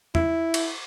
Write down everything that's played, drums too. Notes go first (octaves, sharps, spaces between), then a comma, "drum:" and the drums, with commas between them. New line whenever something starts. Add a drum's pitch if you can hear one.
E4, drum: tom
drum: cymbal